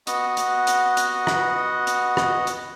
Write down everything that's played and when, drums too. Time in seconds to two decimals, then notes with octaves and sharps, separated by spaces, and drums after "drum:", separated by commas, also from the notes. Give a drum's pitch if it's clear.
0.07 B3 F#4 D#5 F#5, drum: hi-hat
0.37 drum: hi-hat
0.67 drum: hi-hat
0.97 drum: hi-hat
1.27 drum: rim click
1.87 drum: hi-hat
2.17 drum: rim click
2.47 drum: hi-hat